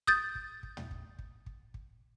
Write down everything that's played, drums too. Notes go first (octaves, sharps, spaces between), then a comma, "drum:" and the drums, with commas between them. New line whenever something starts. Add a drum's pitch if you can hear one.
D#6 G6 A6, drum: kick
drum: kick
drum: kick
drum: tom
drum: kick
drum: kick
drum: kick
drum: kick